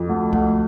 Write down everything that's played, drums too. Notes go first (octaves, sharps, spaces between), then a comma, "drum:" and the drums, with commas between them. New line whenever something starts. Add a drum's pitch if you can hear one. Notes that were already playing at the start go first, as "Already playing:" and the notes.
Already playing: F2
D2
D2, drum: kick